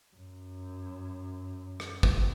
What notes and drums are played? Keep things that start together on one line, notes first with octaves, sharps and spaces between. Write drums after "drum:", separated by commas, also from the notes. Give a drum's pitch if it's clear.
F#2
drum: rim click
F2, drum: kick